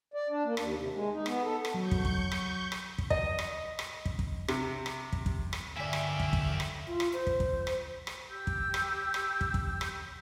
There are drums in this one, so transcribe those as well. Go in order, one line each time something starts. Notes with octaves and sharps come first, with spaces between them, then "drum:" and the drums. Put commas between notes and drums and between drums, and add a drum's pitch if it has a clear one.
D5
D4
A#3
D#2, drum: rim click
C3
G#3
D#4
B3, drum: rim click
A4
drum: rim click
F#3 C#6 G6
drum: kick
drum: kick
drum: rim click
drum: rim click
drum: kick
D#5, drum: kick
drum: rim click
drum: rim click
drum: kick
drum: kick
C3, drum: rim click
drum: rim click
drum: kick
drum: kick
drum: rim click
G2 D3 A#3 G4 D5 E5 G#5
drum: rim click
drum: kick
drum: kick
drum: rim click
F4
drum: rim click
C5
drum: kick
drum: kick
drum: rim click
drum: rim click
G4 E6 G6
drum: kick
drum: rim click
drum: rim click
drum: kick
drum: kick
drum: rim click